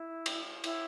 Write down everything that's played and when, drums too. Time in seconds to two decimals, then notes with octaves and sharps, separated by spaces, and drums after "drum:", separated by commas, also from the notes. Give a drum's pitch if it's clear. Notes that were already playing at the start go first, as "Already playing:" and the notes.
Already playing: E4
0.26 drum: cymbal
0.64 E4, drum: cymbal